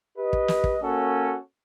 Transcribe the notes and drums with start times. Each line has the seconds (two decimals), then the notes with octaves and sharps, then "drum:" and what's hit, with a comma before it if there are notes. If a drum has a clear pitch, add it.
0.17 G4 B4 D#5
0.33 drum: kick
0.48 drum: snare
0.64 drum: kick
0.81 A#3 C#4 F#4 A4